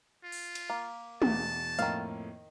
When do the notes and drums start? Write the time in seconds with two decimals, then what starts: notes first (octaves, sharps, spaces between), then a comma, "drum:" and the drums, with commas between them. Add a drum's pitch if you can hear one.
0.23 F4
0.32 drum: open hi-hat
0.55 drum: cymbal
0.70 A#3
1.22 E2 B2 A5, drum: tom
1.79 F2 A2 D#3 A#3 F5, drum: hi-hat